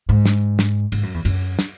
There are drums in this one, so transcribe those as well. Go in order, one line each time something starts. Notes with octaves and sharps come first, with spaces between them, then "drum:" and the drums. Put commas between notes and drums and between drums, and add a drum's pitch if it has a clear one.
G#2
drum: snare
drum: snare
G#2, drum: cymbal
F#2
E2
F#2, drum: cymbal
drum: snare